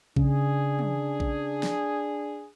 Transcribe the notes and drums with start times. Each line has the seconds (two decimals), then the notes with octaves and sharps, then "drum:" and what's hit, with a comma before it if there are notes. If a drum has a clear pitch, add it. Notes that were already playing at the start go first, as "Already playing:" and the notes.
0.16 C#3 D4 G#4, drum: kick A#1
0.79 drum: tom
1.20 drum: kick A#1
1.63 drum: snare